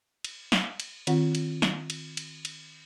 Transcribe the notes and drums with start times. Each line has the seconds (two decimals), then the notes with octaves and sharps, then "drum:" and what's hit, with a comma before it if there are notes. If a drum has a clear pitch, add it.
0.24 drum: cymbal
0.52 drum: snare
0.80 drum: cymbal
1.07 D#3 C4 F4 F#5, drum: cymbal
1.35 drum: cymbal
1.62 drum: snare
1.90 drum: cymbal
2.17 drum: cymbal
2.45 drum: cymbal